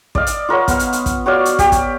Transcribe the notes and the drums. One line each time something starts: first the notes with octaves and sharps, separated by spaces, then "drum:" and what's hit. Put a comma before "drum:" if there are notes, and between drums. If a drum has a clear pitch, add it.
D5 D#5 F5, drum: kick
drum: hi-hat
F4 A#4 C#5 F#5
B3 F5, drum: kick, hi-hat
drum: hi-hat
drum: hi-hat
drum: kick, hi-hat
F#4 C#5 D5 F5
drum: hi-hat
G4, drum: kick, hi-hat
drum: kick, hi-hat